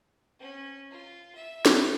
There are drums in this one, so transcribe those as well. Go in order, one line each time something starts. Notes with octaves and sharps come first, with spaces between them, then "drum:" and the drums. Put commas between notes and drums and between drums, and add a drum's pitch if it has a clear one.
C#4
F4
E5
drum: snare